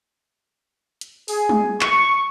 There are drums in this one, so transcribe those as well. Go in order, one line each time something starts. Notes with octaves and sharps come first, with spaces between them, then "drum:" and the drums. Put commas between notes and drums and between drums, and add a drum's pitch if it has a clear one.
drum: hi-hat
G#4, drum: open hi-hat
drum: tom G3
C#6, drum: clap